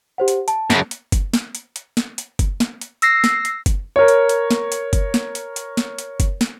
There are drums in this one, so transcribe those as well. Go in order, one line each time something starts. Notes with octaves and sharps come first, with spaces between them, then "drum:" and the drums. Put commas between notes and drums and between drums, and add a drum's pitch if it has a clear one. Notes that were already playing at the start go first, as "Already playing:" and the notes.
G4 C5 F#5
drum: hi-hat
A5, drum: hi-hat
F#2 C#3, drum: snare
drum: hi-hat
drum: kick F#1, hi-hat
drum: snare
drum: hi-hat
drum: hi-hat
drum: snare
drum: hi-hat
drum: kick F#1, hi-hat
drum: snare
drum: hi-hat
E6 A#6 C7, drum: hi-hat
drum: snare
drum: hi-hat
drum: kick F#1, hi-hat
A#4 C#5
drum: hi-hat
drum: hi-hat
drum: snare
drum: hi-hat
drum: kick F#1, hi-hat
drum: snare
drum: hi-hat
drum: hi-hat
drum: snare
drum: hi-hat
drum: kick F#1, hi-hat
drum: snare